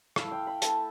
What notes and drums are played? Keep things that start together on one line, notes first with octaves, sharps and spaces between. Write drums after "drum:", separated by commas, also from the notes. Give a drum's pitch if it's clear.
A3 E4 F5, drum: rim click
G5
B5
A3 E4 A5, drum: hi-hat